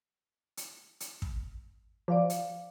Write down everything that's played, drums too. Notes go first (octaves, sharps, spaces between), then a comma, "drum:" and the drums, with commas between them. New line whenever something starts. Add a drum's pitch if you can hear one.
drum: hi-hat
drum: hi-hat
drum: kick
F3 D5 F5 D6
drum: hi-hat